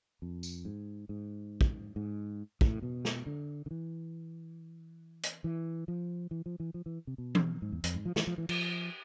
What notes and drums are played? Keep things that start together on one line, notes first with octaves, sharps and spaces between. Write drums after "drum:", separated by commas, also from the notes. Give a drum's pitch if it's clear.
F2
drum: tambourine
G#2
G#2
drum: kick
G#2
A2, drum: kick
B2
drum: snare
D3
D3
E3
drum: hi-hat
E3
F3
E3
F3
E3
F3
E3
C3
B2
drum: tom E3
G#2
E2
F2, drum: hi-hat
G#2
F3
E3, drum: snare
F3
E3
F3, drum: cymbal